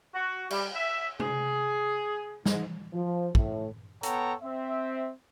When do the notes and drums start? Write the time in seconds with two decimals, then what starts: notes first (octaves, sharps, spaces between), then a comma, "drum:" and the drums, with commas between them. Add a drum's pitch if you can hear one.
0.14 F#4
0.50 G3, drum: cymbal
0.75 E5
1.20 G#4, drum: tom
2.46 G#2, drum: snare
2.93 F3
3.35 A2, drum: kick
4.03 B3 A4 C#5 F#5 G5 A#5, drum: hi-hat
4.42 C4 E5